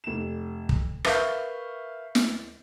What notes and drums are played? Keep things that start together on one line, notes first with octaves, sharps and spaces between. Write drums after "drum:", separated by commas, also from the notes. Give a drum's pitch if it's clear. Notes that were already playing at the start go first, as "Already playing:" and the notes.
F1 E7
drum: kick
A#4 B4 E5 F5 C#6 G6, drum: rim click
drum: snare